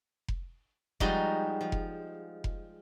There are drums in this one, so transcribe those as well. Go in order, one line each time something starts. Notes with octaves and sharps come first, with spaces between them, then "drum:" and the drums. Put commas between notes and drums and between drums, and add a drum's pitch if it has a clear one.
drum: kick F1
F3 G3 G#3 D#4 F#4 G4, drum: kick F1
F3
drum: kick F1
drum: kick F1